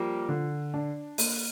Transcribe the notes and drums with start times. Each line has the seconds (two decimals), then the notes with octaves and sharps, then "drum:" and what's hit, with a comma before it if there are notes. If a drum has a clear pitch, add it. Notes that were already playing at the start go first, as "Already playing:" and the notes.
Already playing: F3 G3 A#3
0.29 D3
0.74 D4
1.18 A#3, drum: open hi-hat